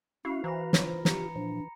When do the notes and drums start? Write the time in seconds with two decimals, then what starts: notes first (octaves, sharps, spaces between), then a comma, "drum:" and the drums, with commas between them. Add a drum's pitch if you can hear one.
0.25 C#4 E4 F#4 F5
0.44 E3 C5 A#5 B5 A#6
0.73 F4 C#5, drum: snare
0.86 C5
1.05 G4 A#5 C#7, drum: snare
1.36 A#2 F3 D4